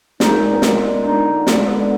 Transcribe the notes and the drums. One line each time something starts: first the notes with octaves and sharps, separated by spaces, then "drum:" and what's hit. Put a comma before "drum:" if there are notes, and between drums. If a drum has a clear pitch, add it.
G#3 D#4, drum: snare
A#3
G#3
A#2
B3
G#3 A#3, drum: snare
A#2
D4 D#4
D3
G#3 A#3, drum: snare
D3 B3